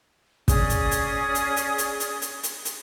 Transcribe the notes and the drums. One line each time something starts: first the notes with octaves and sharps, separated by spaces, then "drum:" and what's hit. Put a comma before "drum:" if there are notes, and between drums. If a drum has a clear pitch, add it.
C#4 G#4 D5 D#6, drum: kick, hi-hat
drum: hi-hat
drum: hi-hat
drum: hi-hat
drum: hi-hat
drum: hi-hat
drum: hi-hat
drum: hi-hat
drum: hi-hat
drum: hi-hat